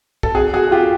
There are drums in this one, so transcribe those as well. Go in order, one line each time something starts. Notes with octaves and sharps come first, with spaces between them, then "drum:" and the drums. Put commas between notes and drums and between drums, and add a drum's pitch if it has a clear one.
A4, drum: kick
F#4 G#4
F#4 G#4
F4 G4